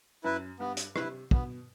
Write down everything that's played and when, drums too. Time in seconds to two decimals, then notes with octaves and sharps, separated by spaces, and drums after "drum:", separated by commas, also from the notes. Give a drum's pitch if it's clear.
0.24 F#2 E4 B4
0.60 G2 B3
0.77 drum: hi-hat
0.96 C3 E4 B4, drum: rim click
1.31 B2 B3, drum: kick